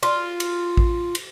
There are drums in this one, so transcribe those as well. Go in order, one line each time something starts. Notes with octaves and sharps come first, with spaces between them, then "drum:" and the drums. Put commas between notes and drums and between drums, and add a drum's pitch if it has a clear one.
F4, drum: cymbal
drum: cymbal
drum: kick A1
drum: cymbal